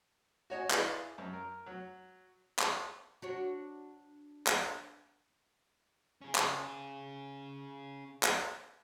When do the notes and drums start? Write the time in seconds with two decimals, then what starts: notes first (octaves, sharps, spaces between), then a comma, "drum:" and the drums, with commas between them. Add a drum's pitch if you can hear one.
0.50 F#4 C#5 D#5 G#5
0.71 E4 G#4 B4 D5 D#5 F5, drum: clap
1.18 F#2
1.33 A#4
1.66 F#3
2.59 drum: clap
3.22 D4 F#4 C#5
4.47 drum: clap
6.21 C#4 G#4
6.35 drum: clap
8.23 drum: clap